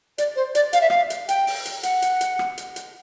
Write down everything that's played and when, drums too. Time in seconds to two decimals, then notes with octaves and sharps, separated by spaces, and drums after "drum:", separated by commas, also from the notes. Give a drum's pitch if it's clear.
0.18 D5, drum: hi-hat
0.36 C5
0.55 D5, drum: hi-hat
0.73 F5, drum: hi-hat
0.81 E5
0.90 F5, drum: rim click
1.10 drum: hi-hat
1.29 G5, drum: hi-hat
1.47 drum: open hi-hat
1.65 drum: hi-hat
1.83 F#5, drum: hi-hat
2.02 drum: hi-hat
2.21 drum: hi-hat
2.39 drum: rim click
2.58 drum: hi-hat
2.76 drum: hi-hat